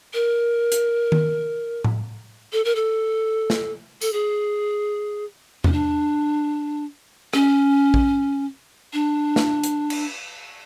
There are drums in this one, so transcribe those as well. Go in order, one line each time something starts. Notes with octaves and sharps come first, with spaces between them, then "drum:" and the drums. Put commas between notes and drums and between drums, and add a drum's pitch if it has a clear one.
A#4
drum: hi-hat
drum: tom D#3
drum: tom A2
A4
A#4
A4
drum: snare
A4, drum: tambourine
G#4
C#4, drum: tom E2
D4
C#4, drum: rim click
drum: kick
D4
drum: snare
drum: hi-hat
drum: cymbal